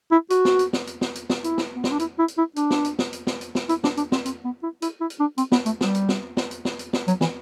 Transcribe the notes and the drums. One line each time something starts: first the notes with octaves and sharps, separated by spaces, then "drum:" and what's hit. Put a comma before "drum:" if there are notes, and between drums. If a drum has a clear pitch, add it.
E4
F#4, drum: hi-hat
drum: snare
drum: hi-hat
drum: snare
drum: hi-hat
drum: snare
drum: hi-hat
drum: snare
E4, drum: hi-hat
drum: snare
B3
C4, drum: snare
D4
E4, drum: hi-hat
E4
drum: hi-hat
E4
D4, drum: hi-hat
drum: snare
drum: hi-hat
drum: snare
drum: hi-hat
drum: snare
drum: hi-hat
drum: snare
E4, drum: hi-hat
D4, drum: snare
D4, drum: hi-hat
C4, drum: snare
C4, drum: hi-hat
B3
E4
E4, drum: hi-hat
E4
drum: hi-hat
D4
C4, drum: hi-hat
B3, drum: snare
A3, drum: hi-hat
G3, drum: snare
drum: hi-hat
drum: snare
drum: snare
drum: hi-hat
drum: snare
drum: hi-hat
drum: snare
F#3, drum: hi-hat
E3, drum: snare